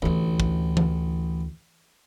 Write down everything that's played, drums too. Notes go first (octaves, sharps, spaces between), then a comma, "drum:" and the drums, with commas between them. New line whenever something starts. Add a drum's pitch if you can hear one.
A1 D2 E4
drum: kick
drum: tom E3